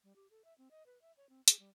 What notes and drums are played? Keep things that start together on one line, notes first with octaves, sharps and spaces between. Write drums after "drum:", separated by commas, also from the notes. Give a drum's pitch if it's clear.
G3
G4
A4
E5
C4
D#5
B4
E5
C#5
C4
G#4, drum: hi-hat
G3